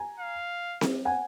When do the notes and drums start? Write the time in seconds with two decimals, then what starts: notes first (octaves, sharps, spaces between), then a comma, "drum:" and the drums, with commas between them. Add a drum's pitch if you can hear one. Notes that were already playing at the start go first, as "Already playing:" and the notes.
Already playing: G#5 A#5
0.20 F5
0.81 drum: snare C4
1.05 F#5 G#5